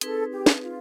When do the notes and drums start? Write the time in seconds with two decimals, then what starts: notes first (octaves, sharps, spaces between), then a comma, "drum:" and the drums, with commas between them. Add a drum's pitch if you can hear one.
0.01 C4 D#4 G#4 A4 B4, drum: hi-hat
0.31 G4
0.46 drum: snare
0.61 F4